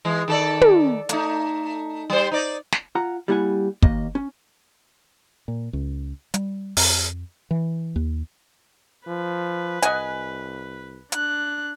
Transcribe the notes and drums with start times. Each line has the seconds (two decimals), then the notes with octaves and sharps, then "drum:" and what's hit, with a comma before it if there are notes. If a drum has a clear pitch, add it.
0.05 E3 G#3
0.28 D#3 A4 D5
0.61 drum: tom
1.09 A3 D#4, drum: hi-hat
2.10 G3 C5
2.32 D#4 D5
2.72 drum: snare
2.95 F4 F#5 A#5
3.28 G3 A#3 E4 F5 F#5 G#5
3.82 D#2 A#3 D#5, drum: kick
4.15 C#4
5.48 A#2
5.73 C#2
6.34 G3, drum: hi-hat
6.77 F2, drum: open hi-hat
7.51 E3
7.96 D#2
9.07 F3 B4
9.82 C2 D#5 F#5 G#5, drum: hi-hat
11.12 D4 F#6, drum: hi-hat